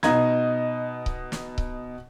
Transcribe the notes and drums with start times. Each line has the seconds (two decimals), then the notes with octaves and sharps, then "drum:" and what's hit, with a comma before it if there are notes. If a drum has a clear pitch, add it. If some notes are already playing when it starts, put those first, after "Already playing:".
0.03 B2 D#4 D#5 A#5 G#6, drum: snare
1.06 drum: kick C#1
1.32 drum: snare
1.58 drum: kick C#1